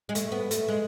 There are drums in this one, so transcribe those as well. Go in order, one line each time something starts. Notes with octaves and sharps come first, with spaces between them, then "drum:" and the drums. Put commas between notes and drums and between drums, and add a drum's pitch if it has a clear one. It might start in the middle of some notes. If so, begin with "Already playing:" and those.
G#3
A3, drum: hi-hat
B3
A3, drum: hi-hat
G#3